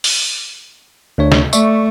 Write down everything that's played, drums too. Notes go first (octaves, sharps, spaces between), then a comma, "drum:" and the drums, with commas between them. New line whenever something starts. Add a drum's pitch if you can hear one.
drum: open hi-hat
D2 D4 C#5
drum: snare
A3 D5 E5 C#6, drum: tambourine